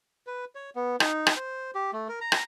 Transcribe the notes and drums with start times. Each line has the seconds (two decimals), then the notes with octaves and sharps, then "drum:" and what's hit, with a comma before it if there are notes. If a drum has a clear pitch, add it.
0.27 B4
0.55 C#5
0.75 B3
1.00 D#4, drum: rim click
1.27 drum: rim click
1.36 C5
1.75 G4
1.93 A3
2.09 A#4
2.21 A#5
2.32 drum: rim click